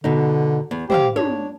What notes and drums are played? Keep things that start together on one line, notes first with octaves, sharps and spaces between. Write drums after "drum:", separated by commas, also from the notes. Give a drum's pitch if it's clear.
B2 D3 D#4
E2
G4 C5 E5 F5, drum: tom
D4 C#5, drum: tom